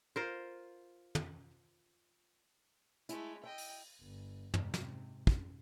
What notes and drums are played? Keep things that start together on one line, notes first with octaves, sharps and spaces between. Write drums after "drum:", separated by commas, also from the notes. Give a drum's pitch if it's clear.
F4 A#4 C5
drum: tom
G#3 A3 E4, drum: hi-hat
D#5 E5 G5
drum: open hi-hat
G1
G#2 C3, drum: tom
drum: snare
drum: kick